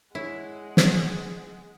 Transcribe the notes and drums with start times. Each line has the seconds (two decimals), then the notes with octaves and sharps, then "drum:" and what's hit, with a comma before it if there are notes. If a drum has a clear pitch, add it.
0.15 G#3 E4 C#5 F#5
0.77 drum: snare
0.92 G#4